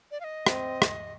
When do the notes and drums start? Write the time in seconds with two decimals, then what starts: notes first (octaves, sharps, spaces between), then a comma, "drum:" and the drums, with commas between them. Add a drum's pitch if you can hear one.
0.11 D5
0.20 F5
0.24 D#5
0.46 C4, drum: rim click
0.82 drum: rim click